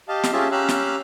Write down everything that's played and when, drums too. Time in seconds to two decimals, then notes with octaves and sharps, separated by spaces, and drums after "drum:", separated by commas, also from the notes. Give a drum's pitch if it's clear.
0.08 G4 D#5 F5 A5
0.23 drum: snare
0.33 C#4 F4 G4 G#4 E5 A5
0.52 C#4 G4 F5 A#5 E6 F#6
0.69 drum: snare